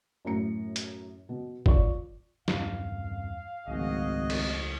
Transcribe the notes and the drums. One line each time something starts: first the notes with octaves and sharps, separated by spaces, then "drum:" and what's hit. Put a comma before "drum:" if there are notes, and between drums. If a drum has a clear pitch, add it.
F#2 A2 A#5 C#7
drum: hi-hat
B2
F4 C#5 D5 C#6, drum: kick G1
E2 G2 B2 F5, drum: snare
G#1 C#2 F3 A3 F#4 G#4 D#5
drum: cymbal